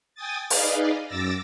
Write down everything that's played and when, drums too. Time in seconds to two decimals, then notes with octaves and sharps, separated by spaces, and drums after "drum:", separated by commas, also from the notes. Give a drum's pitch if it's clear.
0.15 G5 G#5 D#6 A6
0.50 D#4 G#4 B4 D5 D#5 F5, drum: open hi-hat
1.06 F#2 D6 E6 A6 A#6